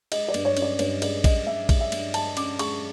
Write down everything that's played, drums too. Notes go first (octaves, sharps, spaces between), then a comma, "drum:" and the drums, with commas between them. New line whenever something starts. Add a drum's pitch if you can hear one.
G#3 D#5, drum: cymbal
D5
G2, drum: cymbal
C#5
C#4, drum: cymbal
D5
G2 C#5, drum: cymbal
G#3 D5, drum: cymbal
G2 D#5, drum: kick A#1, cymbal
G2 E5
G#3, drum: kick A#1, cymbal
E5
G2, drum: cymbal
G#3 A5, drum: cymbal
C#4 D6, drum: cymbal
G#3 C#6, drum: cymbal